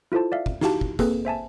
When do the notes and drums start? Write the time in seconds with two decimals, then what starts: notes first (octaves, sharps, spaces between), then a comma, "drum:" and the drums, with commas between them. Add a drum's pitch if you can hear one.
0.12 E4 F4 A4 C5 A5
0.32 D5 E5 F5
0.46 drum: kick
0.61 D#4 E4 F#4 G4 F5 A5, drum: snare
0.81 drum: kick
0.99 A#3 C4 G#4 A4 B4, drum: kick, hi-hat
1.25 C5 E5 G#5 A5